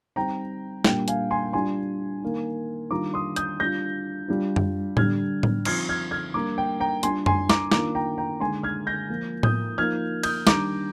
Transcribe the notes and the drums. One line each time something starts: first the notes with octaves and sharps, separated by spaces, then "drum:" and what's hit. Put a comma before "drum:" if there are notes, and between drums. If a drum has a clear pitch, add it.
G3 C4 D#4 G5 A#5
A#2 G3 A#3 D4 G5, drum: snare
F5 G#5, drum: hi-hat
G#5 C6
G3 D4 F4 G#5 C6
D#3 A#3 D#4
D#3 G3 D4 F4 A#5 D6
C6 D#6
D#6 G6, drum: hi-hat
G3 D4 F4 G6 A#6
G3 D4 F4
drum: tom F#2
D3 G3 D4 F6 G#6, drum: tom A2
drum: tom A2
F3 C4 D#4 F6 G#6, drum: cymbal
F6 G#6
F6 G#6
G3 A#3 D4 A#5 D6
G5
G5 A#5
G3 D4 F4 G#5 C6, drum: hi-hat
G#5 C6, drum: tom F#2
A#5 D6, drum: snare
D#3 A#3 D4 F4 A#5 D6, drum: snare
G5 A#5
G5 A#5
D3 G#3 D#4 G#5 C6
F6 G#6
G6 A#6
F3 A#3 F4
D#6 G6, drum: tom A2
F3 A#3 D#4 F6 G#6
D#6 G6, drum: cymbal
D#3 G3 D4 A#5 D6, drum: snare